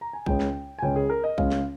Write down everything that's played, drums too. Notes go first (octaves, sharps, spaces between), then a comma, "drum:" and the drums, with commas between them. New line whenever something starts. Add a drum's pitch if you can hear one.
A#5
G#5
C#2 C#3 G#3 C#4 G5, drum: kick A#1
drum: snare
G#5
C#2 C#3 G#3 C#4 G5
G#4
A#4
D#5
C#2 C#3 G#3 C#4 F5, drum: kick A#1
drum: snare